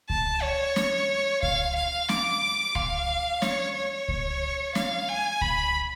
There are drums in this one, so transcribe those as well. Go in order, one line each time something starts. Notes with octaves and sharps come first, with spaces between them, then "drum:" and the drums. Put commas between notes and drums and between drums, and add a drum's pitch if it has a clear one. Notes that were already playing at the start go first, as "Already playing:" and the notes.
A5, drum: kick C#2
C#5
drum: snare
F5, drum: kick C#2
F5
D6, drum: snare
F5, drum: kick C#2
C#5, drum: snare
C#5
drum: kick C#2
F5, drum: snare
G#5
B5, drum: kick C#2